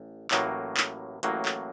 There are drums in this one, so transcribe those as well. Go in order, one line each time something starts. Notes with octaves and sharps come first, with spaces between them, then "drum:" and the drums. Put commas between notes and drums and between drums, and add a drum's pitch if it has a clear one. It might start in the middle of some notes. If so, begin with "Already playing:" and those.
Already playing: A1
A1 A2 F#3 A#3, drum: clap
drum: clap
A1 A2 F#3 A#3, drum: hi-hat
drum: clap